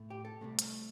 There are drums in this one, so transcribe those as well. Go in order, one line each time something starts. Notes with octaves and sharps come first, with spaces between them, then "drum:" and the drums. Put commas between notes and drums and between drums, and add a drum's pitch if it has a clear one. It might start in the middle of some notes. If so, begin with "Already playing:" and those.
Already playing: A2 A3
G4
A4
C2 C3 A3
drum: hi-hat